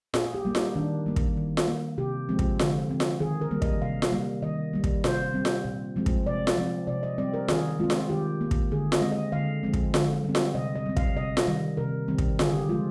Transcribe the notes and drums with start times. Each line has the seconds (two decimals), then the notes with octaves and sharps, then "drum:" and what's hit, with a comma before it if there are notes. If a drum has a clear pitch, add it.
0.14 A#2 G#4, drum: snare F4
0.34 G4
0.45 G3 A#3
0.55 D#4, drum: snare F4
0.76 D#3 D4
1.06 G3 A#3
1.16 drum: kick
1.37 D#3
1.57 drum: snare F4
1.68 A#3
1.98 C3 G4
2.29 F3 G#3 C4
2.39 drum: kick
2.59 D3, drum: snare F4
2.89 F3 C4
3.00 drum: snare F4
3.20 D#3 G#4
3.41 A#4
3.51 G3 A#3
3.62 D#5, drum: kick
3.82 C3 F5
4.02 drum: snare F4
4.12 G3 A#3
4.43 D#3 D#5
4.73 G3 A#3
4.84 drum: kick
5.04 C3 C5, drum: snare F4
5.34 G3 C4
5.45 drum: snare F4
5.65 A#2
5.96 F3 G#3 C4
6.06 drum: kick
6.26 C3 D5
6.47 drum: snare F4
6.57 F3 C4
6.87 C3 D5
7.03 D#5
7.18 G3 C4 D5
7.34 A#4
7.48 D#3 G#4, drum: snare F4
7.79 G#3 C4 F4
7.90 drum: snare F4
8.10 D#3 G4
8.41 A#3
8.51 drum: kick
8.71 D3 G#4
8.92 D#5, drum: snare F4
9.02 G#3 C4
9.12 D#5
9.32 D3 F5
9.63 F3 G#3 C4
9.73 drum: kick
9.94 D3, drum: snare F4
10.24 G3 C4
10.35 drum: snare F4
10.55 C3 D#5
10.75 D#5
10.86 G3 C4
10.97 F5, drum: kick
11.16 C3 D#5
11.37 drum: snare F4
11.47 D#3 G3
11.77 C3 A#4
12.08 D#3 G3 C4
12.18 drum: kick
12.39 D3 G#4, drum: snare F4
12.54 G4
12.69 F3 G#3 F4